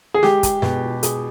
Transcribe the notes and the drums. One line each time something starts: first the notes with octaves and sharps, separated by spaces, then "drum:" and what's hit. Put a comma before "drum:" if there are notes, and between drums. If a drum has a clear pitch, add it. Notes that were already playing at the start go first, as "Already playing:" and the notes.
G#4
G#3 G4, drum: snare
drum: kick, hi-hat
B2, drum: snare
G#4, drum: hi-hat